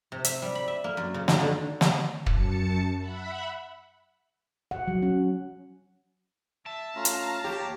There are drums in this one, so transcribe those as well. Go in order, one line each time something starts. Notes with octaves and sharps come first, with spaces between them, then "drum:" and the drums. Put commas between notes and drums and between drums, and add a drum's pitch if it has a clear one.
C3
E5, drum: hi-hat
G3
B5
E5
A#3
F#2
C#3
D#3, drum: snare
D3
drum: snare
F#2 A5 C#7, drum: kick
E5 F#5 B5
F#5
F#3
C#4
E5 A5
A3 C#4 F4 F5 A#5
drum: hi-hat
D#2 G4 C#5